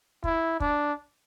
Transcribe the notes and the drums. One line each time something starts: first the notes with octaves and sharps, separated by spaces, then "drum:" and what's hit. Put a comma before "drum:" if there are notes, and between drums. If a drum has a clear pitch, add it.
E4, drum: kick
D4, drum: kick